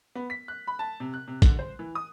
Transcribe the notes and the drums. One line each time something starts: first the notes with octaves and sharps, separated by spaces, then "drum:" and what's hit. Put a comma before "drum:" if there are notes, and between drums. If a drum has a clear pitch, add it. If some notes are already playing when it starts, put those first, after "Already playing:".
B3
B6
F#6
B5
A5
C3
F#6
C3
D3, drum: kick, hi-hat
C5
E3
D#6